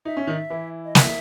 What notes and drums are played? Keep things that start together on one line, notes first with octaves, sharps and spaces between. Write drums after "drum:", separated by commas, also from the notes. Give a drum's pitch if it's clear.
D#4 E5
C#4
D#3 D#4
E3 E4
D#5
E5, drum: snare